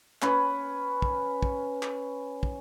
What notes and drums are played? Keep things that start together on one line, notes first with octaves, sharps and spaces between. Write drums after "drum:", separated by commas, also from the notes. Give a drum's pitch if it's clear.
C#4 B4, drum: clap
drum: kick
drum: kick
drum: clap
drum: kick